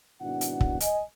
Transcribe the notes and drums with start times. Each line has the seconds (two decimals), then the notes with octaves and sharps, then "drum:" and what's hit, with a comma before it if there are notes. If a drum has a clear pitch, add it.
0.21 G#1 B2 D4 E4 F#4 F#5
0.41 drum: hi-hat
0.61 drum: kick
0.80 D#5 G#5, drum: hi-hat